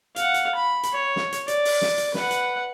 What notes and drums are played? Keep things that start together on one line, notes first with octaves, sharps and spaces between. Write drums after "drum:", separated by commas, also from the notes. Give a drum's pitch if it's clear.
F5 F#5, drum: hi-hat
drum: hi-hat
B5
drum: hi-hat
C#5
drum: snare
drum: hi-hat
D5, drum: hi-hat
drum: open hi-hat
drum: snare
drum: hi-hat
B4 F#5, drum: snare
drum: hi-hat